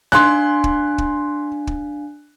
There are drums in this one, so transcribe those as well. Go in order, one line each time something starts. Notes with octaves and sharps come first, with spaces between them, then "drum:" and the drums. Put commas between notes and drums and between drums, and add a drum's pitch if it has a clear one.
D4 F5 G#5 C6 F#6, drum: snare D#4
drum: kick
drum: kick
drum: kick